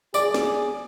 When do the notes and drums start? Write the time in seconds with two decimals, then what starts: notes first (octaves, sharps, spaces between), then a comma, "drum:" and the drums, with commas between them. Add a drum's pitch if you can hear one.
0.14 G#4 D5, drum: tambourine
0.34 drum: snare